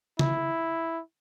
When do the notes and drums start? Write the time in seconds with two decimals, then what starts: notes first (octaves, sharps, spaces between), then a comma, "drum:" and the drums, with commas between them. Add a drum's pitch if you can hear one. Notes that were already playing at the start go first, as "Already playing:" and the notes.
0.19 E4, drum: tom